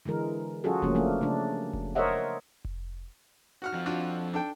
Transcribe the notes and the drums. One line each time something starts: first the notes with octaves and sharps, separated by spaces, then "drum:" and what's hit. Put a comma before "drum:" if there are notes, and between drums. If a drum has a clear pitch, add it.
D3 E3 G#3 A#4
F#3 C#4 F4 F#4 G#4 A4
C#3 F3 G3 A3 A#3 C#4, drum: kick F1
F3 A3 A#3 D4
C#3 A3 D4
drum: kick F1
A#4 C5 C#5 D#5 E5 F#5
drum: kick F1
F#4 F#5 F6
F2 F3
D4 F4 F#4
D4 A4 G5